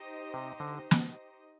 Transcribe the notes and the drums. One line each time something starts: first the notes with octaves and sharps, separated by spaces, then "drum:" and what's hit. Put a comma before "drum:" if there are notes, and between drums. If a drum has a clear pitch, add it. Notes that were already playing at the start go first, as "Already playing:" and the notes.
Already playing: D#4 G4 C5 D#5
C3
D3
drum: snare